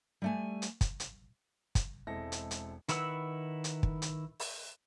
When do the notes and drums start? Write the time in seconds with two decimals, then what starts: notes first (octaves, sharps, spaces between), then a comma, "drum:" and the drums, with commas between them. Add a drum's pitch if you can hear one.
0.22 G3 A3 G#5
0.62 drum: hi-hat
0.81 drum: kick, hi-hat
1.00 drum: hi-hat
1.75 drum: kick, hi-hat
2.07 E1 G#3 C4 E4 A4 A#6
2.32 drum: hi-hat
2.51 drum: hi-hat
2.88 D#3 E4 B4 F#5 E6, drum: hi-hat
3.64 drum: hi-hat
3.83 drum: kick
4.02 drum: hi-hat
4.40 drum: open hi-hat